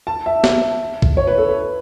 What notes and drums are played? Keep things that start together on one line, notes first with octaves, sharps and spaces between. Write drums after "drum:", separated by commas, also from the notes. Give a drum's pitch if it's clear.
A5
E5
drum: snare
drum: kick
C#5
B4
A4
B4